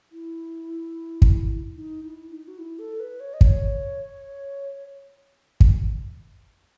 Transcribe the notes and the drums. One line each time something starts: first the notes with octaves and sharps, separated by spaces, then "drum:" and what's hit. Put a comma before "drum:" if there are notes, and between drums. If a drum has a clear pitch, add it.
E4
drum: kick
D#4
E4
D#4
F#4
E4
A4
B4
C#5
D#5
C#5, drum: kick
drum: kick